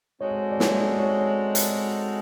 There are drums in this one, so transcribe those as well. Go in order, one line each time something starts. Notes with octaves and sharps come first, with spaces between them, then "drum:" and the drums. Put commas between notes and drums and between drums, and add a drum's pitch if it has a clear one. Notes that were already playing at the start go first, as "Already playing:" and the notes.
G#3 C4 D#4 F#4 A4 C#5
D5
C#5, drum: snare
C#5
drum: hi-hat